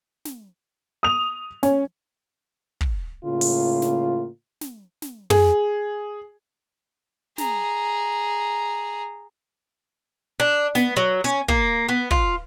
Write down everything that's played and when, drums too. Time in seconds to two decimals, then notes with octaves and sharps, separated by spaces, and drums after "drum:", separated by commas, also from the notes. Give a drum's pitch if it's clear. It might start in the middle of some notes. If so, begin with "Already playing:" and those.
0.25 drum: snare
1.03 D#6 F7
1.63 C#4, drum: snare
2.81 drum: kick
3.25 A2 C#3 A#3 F4
3.41 drum: open hi-hat
3.82 drum: snare
4.61 drum: snare
5.02 drum: snare
5.30 G#4, drum: tom
7.38 G#4 A#5, drum: snare
10.40 D4
10.75 B3, drum: snare
10.96 F#3
11.24 C#4, drum: hi-hat
11.48 A#3, drum: kick
11.89 B3
12.11 F4, drum: kick